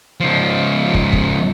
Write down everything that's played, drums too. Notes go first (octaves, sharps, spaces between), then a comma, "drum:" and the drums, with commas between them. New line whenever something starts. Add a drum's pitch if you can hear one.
C#2 F3
drum: kick
drum: kick